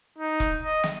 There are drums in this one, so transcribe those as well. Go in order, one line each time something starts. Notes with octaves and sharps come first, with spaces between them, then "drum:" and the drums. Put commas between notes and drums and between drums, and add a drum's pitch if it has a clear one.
D#4
drum: kick E1
D#5
drum: snare